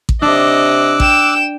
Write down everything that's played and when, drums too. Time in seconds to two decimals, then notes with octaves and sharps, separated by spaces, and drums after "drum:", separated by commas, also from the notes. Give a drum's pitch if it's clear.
0.09 drum: kick A1
0.22 C3 D4 D#5 D6 E6 F#6
1.00 G5 E7, drum: kick A1